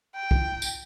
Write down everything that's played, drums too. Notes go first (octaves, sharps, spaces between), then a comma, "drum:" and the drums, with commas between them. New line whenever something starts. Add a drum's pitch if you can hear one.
G5
drum: kick
drum: tambourine